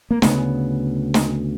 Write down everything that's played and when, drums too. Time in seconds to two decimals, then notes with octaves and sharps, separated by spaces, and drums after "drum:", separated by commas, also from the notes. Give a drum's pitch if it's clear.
0.11 A#3
0.22 D2 C#3 B3, drum: snare
1.14 drum: snare